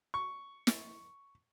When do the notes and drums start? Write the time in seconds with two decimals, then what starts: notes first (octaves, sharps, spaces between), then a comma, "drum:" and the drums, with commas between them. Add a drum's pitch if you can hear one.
0.14 C#6
0.67 drum: snare